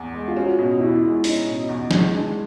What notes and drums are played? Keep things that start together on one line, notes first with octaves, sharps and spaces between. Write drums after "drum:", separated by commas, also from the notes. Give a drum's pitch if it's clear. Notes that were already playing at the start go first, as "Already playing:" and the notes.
Already playing: E2
G#3
F4
C#4 F#4
B2
E2 E4
G#3
C#4 D#4, drum: open hi-hat
B2
E2
G#3, drum: snare
G#3 D4